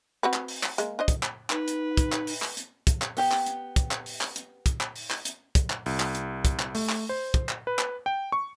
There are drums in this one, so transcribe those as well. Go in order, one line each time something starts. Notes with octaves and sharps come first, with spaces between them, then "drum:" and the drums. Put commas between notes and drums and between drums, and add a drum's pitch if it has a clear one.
C4 F#4 B4
drum: clap
drum: open hi-hat
drum: clap
G#3 A#3, drum: hi-hat
D4 C5 D#5
drum: kick, hi-hat
drum: clap
D#4 B4, drum: clap
drum: hi-hat
drum: kick, hi-hat
drum: clap
drum: open hi-hat
drum: clap
drum: hi-hat
drum: kick, hi-hat
drum: clap
B3 G4 G5, drum: open hi-hat
drum: clap
drum: hi-hat
drum: kick, hi-hat
drum: clap
drum: open hi-hat
drum: clap
drum: hi-hat
drum: kick, hi-hat
drum: clap
drum: open hi-hat
drum: clap
drum: hi-hat
drum: kick, hi-hat
drum: clap
C2, drum: open hi-hat
drum: clap
drum: hi-hat
drum: kick, hi-hat
drum: clap
A3, drum: open hi-hat
drum: clap
C5
drum: kick, hi-hat
drum: clap
B4
drum: clap
G5
C#6